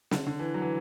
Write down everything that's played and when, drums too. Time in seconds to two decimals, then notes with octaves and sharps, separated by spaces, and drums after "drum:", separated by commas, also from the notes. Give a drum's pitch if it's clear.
0.11 D3, drum: snare
0.26 D3
0.39 E3
0.54 F#3
0.62 E3